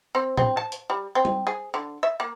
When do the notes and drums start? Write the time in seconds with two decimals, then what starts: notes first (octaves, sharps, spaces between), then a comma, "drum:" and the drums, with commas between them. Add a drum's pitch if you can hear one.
0.15 C4
0.37 C4, drum: tom A2
0.57 A5
0.72 drum: hi-hat
0.90 G3
1.15 C4
1.25 drum: tom G3
1.47 G#4
1.74 D3
2.03 E5
2.20 A#3